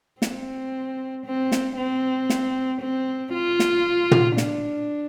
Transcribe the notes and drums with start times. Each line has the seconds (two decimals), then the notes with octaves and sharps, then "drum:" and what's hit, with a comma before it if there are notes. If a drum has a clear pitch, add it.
0.22 C4, drum: snare
1.26 C4
1.52 drum: snare
1.77 C4
2.30 drum: snare
2.81 C4
3.34 F4
3.59 drum: snare
4.11 drum: tom
4.37 D4, drum: snare